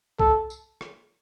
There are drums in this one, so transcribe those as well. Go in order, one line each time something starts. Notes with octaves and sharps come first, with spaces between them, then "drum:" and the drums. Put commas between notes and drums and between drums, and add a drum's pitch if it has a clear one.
A4, drum: kick
drum: tambourine
drum: rim click